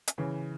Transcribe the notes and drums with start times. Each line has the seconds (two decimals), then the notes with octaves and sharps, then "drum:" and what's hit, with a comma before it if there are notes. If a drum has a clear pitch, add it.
0.08 drum: hi-hat
0.18 C#3 E3